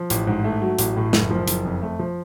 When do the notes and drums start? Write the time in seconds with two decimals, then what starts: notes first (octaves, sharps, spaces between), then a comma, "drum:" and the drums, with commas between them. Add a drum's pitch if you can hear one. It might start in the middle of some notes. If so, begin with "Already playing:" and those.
Already playing: F3
0.10 A1, drum: hi-hat
0.27 G#2
0.44 A3
0.62 F#3
0.79 A1, drum: hi-hat
0.96 A2
1.13 F#1, drum: snare
1.30 F3
1.48 F#1, drum: hi-hat
1.65 F2
1.82 A3
1.99 F3